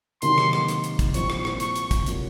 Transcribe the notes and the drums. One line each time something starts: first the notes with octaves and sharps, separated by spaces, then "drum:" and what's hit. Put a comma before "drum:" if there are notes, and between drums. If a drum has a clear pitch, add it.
C3 D#3 F#3 A#3 D#4 C6, drum: hi-hat
drum: rim click
drum: rim click
drum: hi-hat
drum: hi-hat
drum: kick, hi-hat
C2 A#2 F3 C4 C#6, drum: hi-hat
drum: rim click
drum: rim click
C#6, drum: hi-hat
drum: hi-hat
drum: kick, hi-hat
C3 F#3 A#3 F4, drum: hi-hat